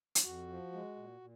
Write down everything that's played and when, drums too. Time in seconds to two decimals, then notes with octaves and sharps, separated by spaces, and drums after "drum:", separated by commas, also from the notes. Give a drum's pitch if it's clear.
0.15 drum: hi-hat
0.24 F2 F#4
0.48 F3
0.73 G#3
0.96 A#2
1.21 A#2